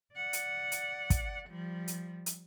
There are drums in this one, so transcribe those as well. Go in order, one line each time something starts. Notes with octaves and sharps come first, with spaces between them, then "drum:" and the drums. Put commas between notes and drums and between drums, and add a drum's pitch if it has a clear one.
D5 F#5
drum: hi-hat
drum: hi-hat
drum: kick, hi-hat
F3 G3
drum: hi-hat
drum: hi-hat